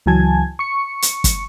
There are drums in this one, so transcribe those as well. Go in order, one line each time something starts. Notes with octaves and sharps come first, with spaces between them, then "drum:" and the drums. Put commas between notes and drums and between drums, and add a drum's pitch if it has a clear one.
C#2 E3 F#3 G#5 A5 G#6
C#6 C#7
drum: hi-hat
drum: kick, hi-hat